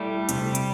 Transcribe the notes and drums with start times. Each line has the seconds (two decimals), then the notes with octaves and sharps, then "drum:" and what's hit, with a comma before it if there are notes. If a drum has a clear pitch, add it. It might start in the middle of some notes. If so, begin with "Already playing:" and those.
Already playing: G3 A3 E4
0.29 C3, drum: hi-hat
0.55 drum: hi-hat